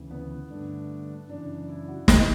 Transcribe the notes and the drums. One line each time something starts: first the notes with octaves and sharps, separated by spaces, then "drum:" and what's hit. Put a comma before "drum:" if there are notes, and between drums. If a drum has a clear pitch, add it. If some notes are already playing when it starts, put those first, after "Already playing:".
Already playing: D2 C#3 E3 B3
B3
G2 D3 A3 D4
F#2 C#3 E3 D4
E4
F#4
G4, drum: snare